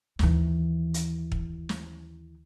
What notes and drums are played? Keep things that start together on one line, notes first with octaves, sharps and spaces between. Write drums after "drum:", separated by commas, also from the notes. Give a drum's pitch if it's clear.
D#2 E3, drum: snare
drum: hi-hat
drum: kick
drum: snare